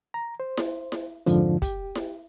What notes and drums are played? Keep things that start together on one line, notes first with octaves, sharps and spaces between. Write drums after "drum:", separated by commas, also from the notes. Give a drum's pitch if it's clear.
A#5
C5
drum: snare E4
drum: snare E4
F2 G#2 D3 F3, drum: hi-hat
G4, drum: kick, hi-hat
drum: snare E4